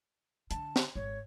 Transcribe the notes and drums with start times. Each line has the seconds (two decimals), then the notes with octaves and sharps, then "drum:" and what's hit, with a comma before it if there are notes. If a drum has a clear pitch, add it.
0.51 D3 A5, drum: hi-hat
0.76 drum: snare
0.95 G#1 C#5